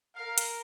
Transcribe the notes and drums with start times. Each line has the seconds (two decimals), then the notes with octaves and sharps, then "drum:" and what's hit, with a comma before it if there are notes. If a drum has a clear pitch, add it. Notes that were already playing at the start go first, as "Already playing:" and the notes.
0.15 A#4 F5
0.38 drum: hi-hat